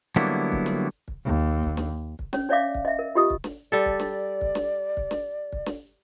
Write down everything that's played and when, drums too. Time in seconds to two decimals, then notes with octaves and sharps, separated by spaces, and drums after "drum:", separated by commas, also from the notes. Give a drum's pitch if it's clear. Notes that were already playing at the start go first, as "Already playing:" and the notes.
0.16 D3 F#3 G3 A#3 B3 E4
0.52 drum: kick
0.66 drum: snare
1.08 drum: kick
1.25 D#2
1.63 drum: kick
1.77 drum: snare
2.19 drum: kick
2.33 C#4 C#5, drum: snare
2.49 D4 C#5 D5 E5 F5 D6
2.74 drum: kick
2.85 D#5 E5
2.99 A#4
3.15 F4 G4 D#5 D#6
3.30 drum: kick
3.44 drum: snare
3.72 G3 A4 D5
3.86 drum: kick
4.00 drum: snare
4.41 drum: kick
4.55 drum: snare
4.97 drum: kick
5.11 drum: snare
5.52 drum: kick
5.66 drum: snare